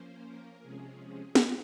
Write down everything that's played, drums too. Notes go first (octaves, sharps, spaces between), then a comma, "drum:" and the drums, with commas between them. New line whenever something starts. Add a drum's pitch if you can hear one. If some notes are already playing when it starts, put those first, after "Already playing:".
Already playing: F3 A#3 C#4 C5
A#4
C3 F3 G#3 C#4 G#4
drum: snare